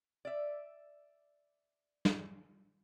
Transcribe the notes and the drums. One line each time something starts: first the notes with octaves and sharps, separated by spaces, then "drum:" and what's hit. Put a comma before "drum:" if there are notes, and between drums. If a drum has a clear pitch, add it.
D5 E5
drum: snare